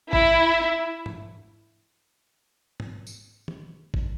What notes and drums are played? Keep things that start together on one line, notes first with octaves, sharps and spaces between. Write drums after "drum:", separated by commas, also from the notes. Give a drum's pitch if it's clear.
E4, drum: kick G#1
drum: tom G#2
drum: tom G#2
drum: tambourine
drum: tom
drum: kick G#1